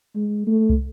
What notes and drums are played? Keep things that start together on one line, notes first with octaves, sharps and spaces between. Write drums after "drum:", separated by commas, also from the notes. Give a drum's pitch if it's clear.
G#3
A3
drum: kick